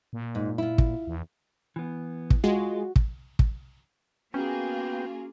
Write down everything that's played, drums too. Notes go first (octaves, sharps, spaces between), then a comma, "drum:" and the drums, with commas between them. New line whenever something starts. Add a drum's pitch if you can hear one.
A#2
G#2
E4 F4
drum: kick
E2
E3 B3
drum: kick
G#3 F4 F#4
drum: kick
drum: kick
A#3 B3 C#4 F4 F#4 G#4 G5